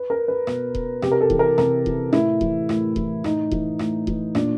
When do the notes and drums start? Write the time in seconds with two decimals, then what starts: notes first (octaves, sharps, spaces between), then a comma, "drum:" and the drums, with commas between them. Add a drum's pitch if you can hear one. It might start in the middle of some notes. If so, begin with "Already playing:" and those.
Already playing: B4
0.10 A#4
0.28 B4
0.47 B2, drum: rim click
0.75 drum: kick D#1
1.02 C3 G4, drum: rim click
1.12 A#4
1.21 A4
1.30 E3, drum: kick D#1
1.39 A#4
1.58 C3 A#4, drum: rim click
1.86 E3, drum: kick D#1
2.13 A2 E4, drum: rim click
2.41 E3, drum: kick D#1
2.69 A2, drum: rim click
2.96 E3, drum: kick D#1
3.24 A2 D#4, drum: rim click
3.51 E3, drum: kick D#1
3.79 A2, drum: rim click
4.07 E3, drum: kick D#1
4.35 A#2 D4, drum: rim click